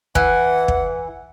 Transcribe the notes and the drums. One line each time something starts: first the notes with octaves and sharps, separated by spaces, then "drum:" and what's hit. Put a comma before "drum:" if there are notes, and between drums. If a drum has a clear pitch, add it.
E3 F#5, drum: kick
drum: kick